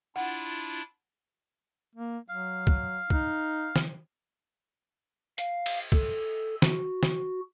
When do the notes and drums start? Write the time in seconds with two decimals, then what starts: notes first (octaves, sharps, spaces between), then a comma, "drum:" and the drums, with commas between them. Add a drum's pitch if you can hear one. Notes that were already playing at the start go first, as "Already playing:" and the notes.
0.16 D4 E4 F4 F#5
1.95 A#3
2.28 F#3 F5
2.67 drum: kick
3.10 D#4, drum: kick
3.76 drum: snare
5.38 F5, drum: hi-hat
5.66 drum: cymbal
5.92 A4, drum: kick
6.62 F#4, drum: snare
7.03 drum: snare